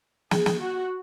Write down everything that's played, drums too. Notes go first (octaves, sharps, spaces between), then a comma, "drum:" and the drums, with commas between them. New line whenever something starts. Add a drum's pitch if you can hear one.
G#4, drum: snare
drum: snare
F#4